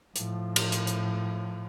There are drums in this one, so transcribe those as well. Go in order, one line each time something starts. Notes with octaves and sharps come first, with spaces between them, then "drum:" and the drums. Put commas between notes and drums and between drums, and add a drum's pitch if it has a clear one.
A2 F3, drum: hi-hat
drum: cymbal
drum: hi-hat
drum: hi-hat